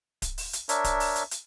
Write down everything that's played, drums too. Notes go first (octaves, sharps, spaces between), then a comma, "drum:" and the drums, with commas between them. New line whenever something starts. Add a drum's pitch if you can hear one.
drum: kick D1, hi-hat
drum: open hi-hat
drum: hi-hat
D4 A#4 C#5 E5, drum: hi-hat
drum: kick D1, hi-hat
drum: open hi-hat
drum: hi-hat
drum: hi-hat